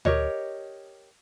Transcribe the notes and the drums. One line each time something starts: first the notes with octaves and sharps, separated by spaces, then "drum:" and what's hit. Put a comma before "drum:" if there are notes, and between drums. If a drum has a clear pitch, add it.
G4 A#4 C#5 D#5, drum: tom D2